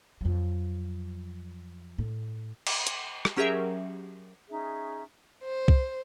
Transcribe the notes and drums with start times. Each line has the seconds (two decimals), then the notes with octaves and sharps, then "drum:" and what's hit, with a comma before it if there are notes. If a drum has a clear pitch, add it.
0.21 F2 F#3
1.98 A2
2.67 drum: cymbal
2.87 drum: hi-hat
3.25 drum: rim click
3.36 F#3 C#4 G4 G#4 A#4 E5
4.49 C#4 D#4 G#4 E5
5.44 C5
5.68 drum: kick C2